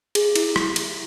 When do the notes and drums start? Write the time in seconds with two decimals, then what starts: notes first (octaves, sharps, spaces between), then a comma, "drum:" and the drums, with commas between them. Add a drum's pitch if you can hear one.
0.15 G#4, drum: cymbal
0.35 E4, drum: cymbal
0.56 drum: rim click
0.76 drum: cymbal